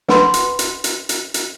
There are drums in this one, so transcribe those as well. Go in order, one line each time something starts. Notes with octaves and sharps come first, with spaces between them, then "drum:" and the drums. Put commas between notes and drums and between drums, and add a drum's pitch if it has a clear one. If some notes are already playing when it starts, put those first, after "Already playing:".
B4 F#5 B5 C6, drum: snare
drum: hi-hat
drum: hi-hat
drum: hi-hat
drum: hi-hat
drum: hi-hat